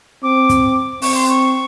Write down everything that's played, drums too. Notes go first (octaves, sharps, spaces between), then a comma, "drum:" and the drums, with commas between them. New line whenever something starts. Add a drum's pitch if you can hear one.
C4 D6
drum: kick, hi-hat
C4 C#6, drum: open hi-hat
C6
C#6